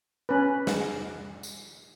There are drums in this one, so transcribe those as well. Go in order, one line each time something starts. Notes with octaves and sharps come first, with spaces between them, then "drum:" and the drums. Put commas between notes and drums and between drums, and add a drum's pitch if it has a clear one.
C#4 B4
drum: snare
drum: tambourine